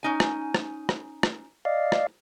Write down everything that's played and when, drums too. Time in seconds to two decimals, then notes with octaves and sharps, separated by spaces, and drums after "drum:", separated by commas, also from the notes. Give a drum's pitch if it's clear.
0.03 C#4 D#4 G#5
0.20 drum: rim click
0.55 drum: rim click
0.89 drum: rim click
1.23 drum: rim click
1.65 D5 D#5 F5
1.92 drum: rim click